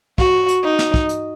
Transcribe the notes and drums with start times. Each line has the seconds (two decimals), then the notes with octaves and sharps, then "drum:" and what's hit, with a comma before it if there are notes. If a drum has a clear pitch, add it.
0.18 F#4, drum: kick
0.48 drum: hi-hat
0.64 D#4
0.79 drum: snare
0.94 drum: kick
1.09 drum: hi-hat